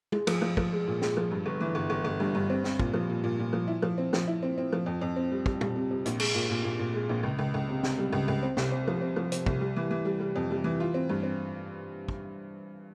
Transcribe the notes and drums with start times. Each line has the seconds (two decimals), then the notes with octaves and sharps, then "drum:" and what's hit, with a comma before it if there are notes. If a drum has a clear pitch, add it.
0.12 G#3, drum: tom
0.27 F3, drum: cymbal
0.42 F3
0.57 F3, drum: kick
0.72 G#3
0.87 A#2
1.02 G#3, drum: snare
1.17 F3
1.31 G2
1.46 G1
1.61 E3
1.75 G1
1.90 G1
2.05 G1
2.20 G2
2.35 G2
2.50 C4
2.64 C4, drum: snare
2.80 A#2, drum: kick
2.94 F3
3.10 A#2
3.24 A#2
3.39 A#2
3.53 F3
3.68 E4
3.82 F3
3.98 C4
4.13 F3, drum: snare
4.28 E4
4.43 C4
4.58 C4
4.73 F3
4.86 F2
5.01 F2
5.16 C4
5.32 G3
5.46 G3, drum: kick
5.61 G3, drum: tom
5.76 C3
5.91 C3
6.06 A#1, drum: hi-hat
6.20 G#3, drum: cymbal
6.35 A#2
6.50 A#2
6.64 A#2
6.79 A#2
6.94 G#3
7.09 A#1
7.23 C#2
7.39 C#2
7.54 C#2
7.69 C3
7.83 C3, drum: snare
7.98 G3
8.13 C#2
8.28 C#2
8.43 C4
8.57 C2, drum: snare
8.72 C4
8.87 F3
9.01 C4
9.16 F3
9.32 C4, drum: hi-hat
9.46 C2, drum: kick
9.61 G3
9.76 E3
9.91 E3
10.05 G3
10.20 G3
10.36 F2
10.51 G3
10.64 E3
10.80 F4
10.94 C4
11.09 G2
11.23 C4
12.08 drum: kick